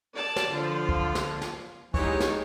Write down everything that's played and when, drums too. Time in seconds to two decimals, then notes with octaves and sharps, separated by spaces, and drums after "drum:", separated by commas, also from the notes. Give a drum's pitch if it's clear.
0.13 D5 A5
0.36 drum: snare
0.51 D3 F3 F4
0.89 drum: kick
1.15 drum: snare
1.41 drum: snare
1.94 E3 G#3 B3 D#4 G4 C#5, drum: kick
2.20 drum: snare